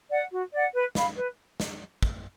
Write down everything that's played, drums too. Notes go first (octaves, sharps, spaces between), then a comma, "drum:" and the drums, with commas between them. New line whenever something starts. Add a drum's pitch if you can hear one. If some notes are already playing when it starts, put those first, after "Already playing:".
D5 F#5
F#4
D5 F#5
B4
F5 B5, drum: snare
B4
drum: snare
drum: kick